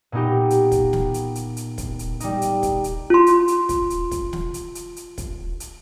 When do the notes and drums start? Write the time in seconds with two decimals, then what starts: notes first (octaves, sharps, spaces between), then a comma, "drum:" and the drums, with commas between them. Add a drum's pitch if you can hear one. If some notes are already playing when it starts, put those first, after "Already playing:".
0.12 A#2 B3 D#4 G4
0.50 drum: hi-hat
0.72 drum: kick, hi-hat
0.93 drum: snare
1.14 drum: hi-hat
1.35 drum: hi-hat
1.57 drum: hi-hat
1.78 drum: kick, hi-hat
1.99 drum: hi-hat
2.20 G3 D#4, drum: hi-hat
2.42 drum: hi-hat
2.63 drum: kick, hi-hat
2.84 drum: hi-hat
3.10 F4 C6
3.27 drum: hi-hat
3.48 drum: hi-hat
3.69 drum: kick, hi-hat
3.90 drum: hi-hat
4.11 drum: kick, hi-hat
4.33 drum: snare
4.54 drum: hi-hat
4.75 drum: hi-hat
4.96 drum: hi-hat
5.18 drum: kick, hi-hat
5.60 drum: hi-hat